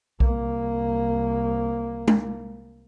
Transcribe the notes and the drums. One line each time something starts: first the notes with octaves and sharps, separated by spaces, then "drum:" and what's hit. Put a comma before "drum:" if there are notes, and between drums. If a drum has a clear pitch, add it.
C2 A#3, drum: kick B1
drum: tom G#3